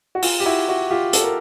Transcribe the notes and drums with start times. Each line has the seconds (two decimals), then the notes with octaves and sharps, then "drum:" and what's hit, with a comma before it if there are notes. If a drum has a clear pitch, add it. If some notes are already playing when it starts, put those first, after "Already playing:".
0.15 F#4
0.23 F4, drum: open hi-hat
0.40 G4
0.45 E4 F#4
0.69 E4 F#4
0.91 F4 G4
1.13 A4, drum: hi-hat
1.24 A#4